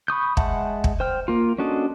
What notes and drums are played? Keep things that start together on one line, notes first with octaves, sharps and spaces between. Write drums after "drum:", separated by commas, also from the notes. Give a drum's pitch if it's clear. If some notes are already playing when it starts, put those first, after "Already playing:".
B5 C#6 D#6 G6
G#3 E5 F#5 A5, drum: kick
drum: kick
C5 G5 F6
A#3 F4
C#4 D4 F#4 A4 D#5